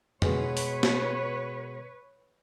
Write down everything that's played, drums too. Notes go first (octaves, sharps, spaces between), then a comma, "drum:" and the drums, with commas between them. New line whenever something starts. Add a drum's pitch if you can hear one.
B2 G#3 B4 C#5, drum: tom F2
drum: open hi-hat
drum: snare